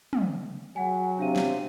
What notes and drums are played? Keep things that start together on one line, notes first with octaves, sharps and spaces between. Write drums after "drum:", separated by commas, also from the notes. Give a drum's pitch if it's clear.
drum: tom
F#3 G#4 F#5 G#5
C3 D4 F5 D#7
drum: snare